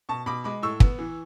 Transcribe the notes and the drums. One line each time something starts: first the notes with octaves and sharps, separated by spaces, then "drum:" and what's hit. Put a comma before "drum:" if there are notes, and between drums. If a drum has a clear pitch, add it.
B2 A5 C#6
B2 B5 D6
G#3 B5 D6
A2 C#6 E6
B3, drum: kick
E3